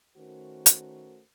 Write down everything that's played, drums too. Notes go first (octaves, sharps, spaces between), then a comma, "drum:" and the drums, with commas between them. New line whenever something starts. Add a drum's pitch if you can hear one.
D#3 A3 C#4 F#4 A#4 C5
drum: hi-hat